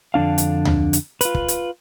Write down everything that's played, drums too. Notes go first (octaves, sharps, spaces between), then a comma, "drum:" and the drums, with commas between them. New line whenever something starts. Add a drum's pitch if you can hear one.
F2 D3 D4 F5
drum: hi-hat
drum: tom D2
drum: hi-hat
F4 B4, drum: hi-hat
drum: kick
drum: hi-hat